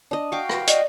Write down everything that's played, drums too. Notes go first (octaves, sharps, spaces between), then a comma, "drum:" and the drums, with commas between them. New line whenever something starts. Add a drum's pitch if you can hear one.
D4 D#5
F#4 F5 G5 C#6 D6
drum: rim click
D5 D#5, drum: hi-hat